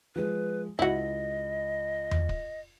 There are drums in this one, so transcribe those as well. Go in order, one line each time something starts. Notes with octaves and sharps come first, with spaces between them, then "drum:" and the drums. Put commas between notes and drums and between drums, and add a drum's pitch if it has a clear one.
F3 G#3 B4
C#2 E4 F#4 D#5
drum: tom E2
drum: kick